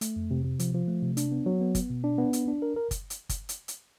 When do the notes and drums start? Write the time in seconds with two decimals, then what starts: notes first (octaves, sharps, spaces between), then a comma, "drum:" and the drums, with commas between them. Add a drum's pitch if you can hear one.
0.01 A3, drum: hi-hat
0.16 F2
0.31 C3
0.45 C3
0.59 F3, drum: hi-hat
0.74 F3
0.88 A3
1.03 C3
1.17 D4, drum: hi-hat
1.32 B3
1.46 F#3
1.61 B3
1.75 B3, drum: kick, hi-hat
1.90 B2
2.04 D4
2.18 B3
2.33 D4, drum: hi-hat
2.48 D4
2.62 A#4
2.76 A#4
2.91 drum: kick, hi-hat
3.10 drum: hi-hat
3.29 drum: kick, hi-hat
3.49 drum: hi-hat
3.68 drum: hi-hat